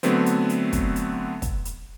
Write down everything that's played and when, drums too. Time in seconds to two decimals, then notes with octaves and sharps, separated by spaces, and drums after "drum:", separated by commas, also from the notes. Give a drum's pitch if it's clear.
0.03 D3 F#3 A3 B3 C4, drum: hi-hat
0.26 drum: hi-hat
0.49 drum: hi-hat
0.73 drum: kick, hi-hat
0.96 drum: hi-hat
1.42 drum: kick, hi-hat
1.65 drum: hi-hat